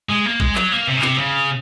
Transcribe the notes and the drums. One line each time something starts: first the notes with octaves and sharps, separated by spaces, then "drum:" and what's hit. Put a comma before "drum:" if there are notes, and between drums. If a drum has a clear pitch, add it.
G#3
A#3
G#3, drum: kick G#1
F#3, drum: clap
A#3
C3
C#3
C3, drum: clap
C#3